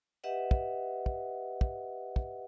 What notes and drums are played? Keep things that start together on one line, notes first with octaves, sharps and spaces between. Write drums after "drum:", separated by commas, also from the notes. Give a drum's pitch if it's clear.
G4 B4 D#5 E5 F#5
drum: kick
drum: kick
drum: kick
drum: kick